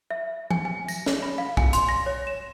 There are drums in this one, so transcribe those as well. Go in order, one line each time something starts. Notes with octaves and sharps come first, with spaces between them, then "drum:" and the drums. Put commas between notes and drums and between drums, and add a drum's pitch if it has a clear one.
E5
G#5, drum: tom E3
G#5
A#6, drum: tambourine
C#5, drum: snare C#4
B5
F5
G#5, drum: kick B1
C6, drum: hi-hat
A#6
C#5
E7